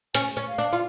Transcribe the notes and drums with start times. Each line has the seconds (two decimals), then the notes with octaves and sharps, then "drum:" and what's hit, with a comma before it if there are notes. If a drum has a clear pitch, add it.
0.15 C#4 G#5, drum: hi-hat
0.37 C#4
0.48 F5
0.58 D4
0.73 F4